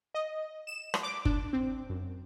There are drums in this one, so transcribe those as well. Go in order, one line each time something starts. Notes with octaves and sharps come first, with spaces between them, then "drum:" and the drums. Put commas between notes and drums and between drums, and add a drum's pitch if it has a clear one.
D#5
E7
drum: rim click
D6
D4, drum: kick F#1
C4
F#2